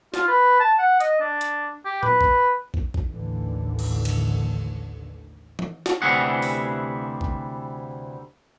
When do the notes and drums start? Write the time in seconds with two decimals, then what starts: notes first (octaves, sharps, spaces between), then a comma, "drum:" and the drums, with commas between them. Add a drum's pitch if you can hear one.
0.14 F4, drum: snare
0.28 B4
0.60 A5
0.79 F#5
1.00 D#5, drum: hi-hat
1.21 D4
1.41 drum: hi-hat
1.85 G4
2.03 B4, drum: tom A#2
2.21 drum: kick
2.74 drum: kick
2.94 drum: kick
3.08 A1 D#2 A2 D3 E3
3.79 drum: cymbal
4.05 drum: cymbal
5.59 drum: tom E3
5.86 drum: snare
6.02 D2 C3 E3 G3 G#4 F#5
6.42 drum: open hi-hat
7.21 drum: kick